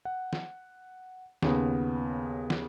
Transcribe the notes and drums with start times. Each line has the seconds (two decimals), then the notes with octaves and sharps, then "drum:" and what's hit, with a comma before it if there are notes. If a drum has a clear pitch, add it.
0.05 F#5
0.33 drum: snare
1.42 D#2 C#3 B3, drum: snare
2.50 drum: snare